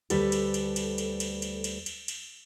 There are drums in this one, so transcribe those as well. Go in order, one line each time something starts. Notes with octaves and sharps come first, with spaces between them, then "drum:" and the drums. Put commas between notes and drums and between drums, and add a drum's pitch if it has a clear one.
D2 G3 A4 B4, drum: cymbal
drum: cymbal
drum: cymbal
drum: cymbal
drum: cymbal
drum: cymbal
drum: cymbal
drum: cymbal
drum: cymbal
drum: cymbal